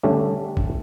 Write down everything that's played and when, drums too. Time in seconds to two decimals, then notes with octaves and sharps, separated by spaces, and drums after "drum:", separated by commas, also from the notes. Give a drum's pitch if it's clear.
0.03 D3 G3 A3 C#4 D4
0.57 drum: kick